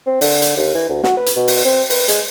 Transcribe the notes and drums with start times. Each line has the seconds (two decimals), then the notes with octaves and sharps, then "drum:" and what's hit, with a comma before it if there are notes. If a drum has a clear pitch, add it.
0.07 C4
0.21 D3, drum: open hi-hat
0.42 drum: hi-hat
0.57 D#2
0.75 E3
0.89 D2
1.03 F#4, drum: snare
1.17 B4
1.26 drum: hi-hat
1.36 B2
1.48 drum: open hi-hat
1.65 C4
1.90 B4, drum: open hi-hat
2.08 G#3, drum: hi-hat